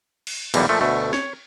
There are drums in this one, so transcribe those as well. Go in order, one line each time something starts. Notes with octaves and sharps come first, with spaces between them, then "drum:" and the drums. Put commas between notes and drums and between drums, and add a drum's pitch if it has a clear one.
drum: cymbal
B1 E2 A#2 E3 G3, drum: cymbal
A#2 F3 A3
D2 B2 A3
C#5, drum: snare